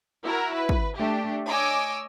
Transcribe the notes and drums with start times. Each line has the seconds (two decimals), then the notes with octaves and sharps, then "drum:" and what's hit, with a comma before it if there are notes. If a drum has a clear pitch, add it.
0.23 E4 F#4 A#4
0.54 B4
0.69 drum: kick
0.95 A3 D4 G4
1.48 C#5 D#5 G#5 D6 E6